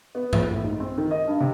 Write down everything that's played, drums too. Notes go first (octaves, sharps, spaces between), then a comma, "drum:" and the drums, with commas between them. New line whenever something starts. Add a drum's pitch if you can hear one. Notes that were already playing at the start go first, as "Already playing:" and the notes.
B3
E5, drum: tom G2
A2
G#2
C4
D#3
D#5
G2
C3